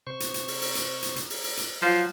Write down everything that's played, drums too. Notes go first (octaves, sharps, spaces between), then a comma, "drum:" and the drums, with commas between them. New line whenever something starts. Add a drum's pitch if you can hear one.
C3 C5 C#6
drum: hi-hat
drum: hi-hat
drum: open hi-hat
drum: open hi-hat
drum: hi-hat
drum: hi-hat
drum: hi-hat
drum: open hi-hat
drum: open hi-hat
drum: hi-hat
F3 F#3 F5